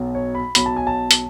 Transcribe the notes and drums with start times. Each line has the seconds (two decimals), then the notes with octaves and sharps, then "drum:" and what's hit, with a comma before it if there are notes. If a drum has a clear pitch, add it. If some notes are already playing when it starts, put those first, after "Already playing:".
Already playing: B1 B2 F#3
0.15 C#5
0.35 B5
0.55 B1 B2 F#3 B5, drum: hi-hat
0.66 A5
0.77 G#5
0.87 A5
1.11 drum: hi-hat